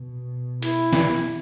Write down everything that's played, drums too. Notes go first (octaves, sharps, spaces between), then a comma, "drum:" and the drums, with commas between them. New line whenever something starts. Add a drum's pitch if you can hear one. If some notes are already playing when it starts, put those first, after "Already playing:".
Already playing: B2
E4, drum: hi-hat
drum: snare